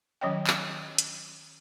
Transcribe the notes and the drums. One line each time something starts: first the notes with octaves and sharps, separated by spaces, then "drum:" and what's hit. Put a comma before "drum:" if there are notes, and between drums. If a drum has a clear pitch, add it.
D#3 F#3 C#4 C#5 D#5 G5
drum: clap
drum: hi-hat